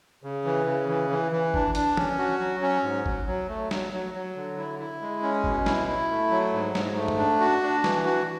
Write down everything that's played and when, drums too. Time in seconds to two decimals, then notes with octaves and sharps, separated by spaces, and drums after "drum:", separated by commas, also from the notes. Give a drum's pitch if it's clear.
0.23 C#3
0.45 E3
0.66 C#3
0.89 E3
1.10 E3
1.32 E3
1.54 D4, drum: kick G#1
1.75 D4, drum: hi-hat
1.97 C#4, drum: tom
2.18 F#4
2.40 F#3
2.62 C#4
2.83 G#2
3.06 F#3, drum: kick G#1
3.27 F#3
3.49 A3
3.71 F#3, drum: snare
3.93 F#3
4.14 F#3
4.36 D3
4.58 E4
4.80 E4
5.01 G#3
5.23 C#4
5.44 B2, drum: kick G#1
5.66 E4, drum: snare
5.88 E4
6.10 A3
6.31 F#3
6.53 G#2
6.75 G#2, drum: snare
6.96 A3
7.08 drum: tom
7.18 D4
7.40 F#4
7.62 D4
7.84 E3, drum: snare
8.05 F#4